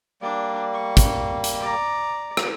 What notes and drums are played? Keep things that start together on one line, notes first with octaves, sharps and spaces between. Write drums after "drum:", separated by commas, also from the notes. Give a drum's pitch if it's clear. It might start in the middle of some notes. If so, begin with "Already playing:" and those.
G3 A#3 D4 D5
C#6
drum: kick, hi-hat
drum: hi-hat
D5 A#5
drum: rim click